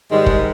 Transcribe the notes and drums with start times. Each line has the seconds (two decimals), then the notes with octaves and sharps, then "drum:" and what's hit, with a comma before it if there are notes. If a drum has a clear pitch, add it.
0.10 G#2 D#3 G3 G#3
0.26 drum: kick